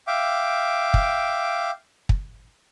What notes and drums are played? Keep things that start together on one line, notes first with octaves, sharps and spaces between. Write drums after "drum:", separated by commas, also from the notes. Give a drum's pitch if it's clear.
E5 F5 G5 D6
drum: kick
drum: kick